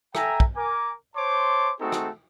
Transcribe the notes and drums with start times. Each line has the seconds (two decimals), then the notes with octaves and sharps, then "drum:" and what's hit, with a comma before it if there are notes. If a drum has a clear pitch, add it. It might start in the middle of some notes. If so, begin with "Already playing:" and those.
0.15 A4 E5 G5 G#5 A#5, drum: rim click
0.40 drum: kick
0.56 A#4 G#5 D6
1.16 C5 C#5 A5 C6 D6
1.80 A3 C4 D#4 F#4 G#4 A4
1.92 drum: rim click